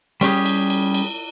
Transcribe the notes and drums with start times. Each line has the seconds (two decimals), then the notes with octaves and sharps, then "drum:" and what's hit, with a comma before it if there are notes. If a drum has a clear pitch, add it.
0.21 G3 C#4 G4 G#4, drum: cymbal
0.46 drum: cymbal
0.70 drum: cymbal
0.94 drum: cymbal